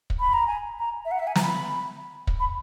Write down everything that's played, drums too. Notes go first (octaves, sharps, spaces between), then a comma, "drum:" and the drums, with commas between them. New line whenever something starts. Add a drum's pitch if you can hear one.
drum: kick
B5
A#5
G#5
A#5
E5
F#5
E5
G#5
A#5, drum: snare
B5
drum: kick
B5